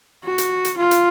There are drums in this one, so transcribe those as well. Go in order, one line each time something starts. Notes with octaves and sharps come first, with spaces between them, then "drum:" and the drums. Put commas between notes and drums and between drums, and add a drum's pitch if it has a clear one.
F#4
drum: hi-hat
drum: hi-hat
F4
drum: hi-hat